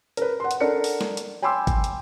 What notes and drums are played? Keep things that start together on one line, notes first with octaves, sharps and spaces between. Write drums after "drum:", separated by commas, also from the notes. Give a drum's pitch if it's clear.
A#4 B4, drum: hi-hat
F#5 C6
drum: hi-hat
D4 A4 A#4 F#5 C#7
drum: open hi-hat
drum: snare
drum: hi-hat
G5 G#5 B5 C6 D6 E6
drum: kick G#1, hi-hat
drum: hi-hat